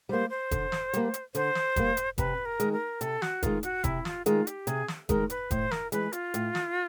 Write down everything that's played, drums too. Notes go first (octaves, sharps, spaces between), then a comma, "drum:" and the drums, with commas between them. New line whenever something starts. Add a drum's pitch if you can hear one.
G3 A#3 C5
C5
D3, drum: kick F1, hi-hat
drum: snare
G3 A#3, drum: hi-hat
drum: hi-hat
D3 C5, drum: hi-hat
drum: snare
G3 A#3, drum: kick F1, hi-hat
drum: hi-hat
C3 B4, drum: kick F1, hi-hat
A#4
D#3 G#3, drum: hi-hat
A#4
C3 A4, drum: hi-hat
F#4, drum: snare
D#3 G#3 F4, drum: kick F1, hi-hat
F#4, drum: hi-hat
C3 E4, drum: kick F1, hi-hat
F4, drum: snare
D#3 G#3 F4, drum: hi-hat
G4, drum: hi-hat
C3 G#4, drum: hi-hat
drum: snare
D#3 G#3 A#4, drum: kick F1, hi-hat
B4, drum: hi-hat
A2 C5, drum: kick F1, hi-hat
A#4, drum: snare
E3 G#3 B4, drum: hi-hat
F4, drum: hi-hat
A2, drum: hi-hat
drum: snare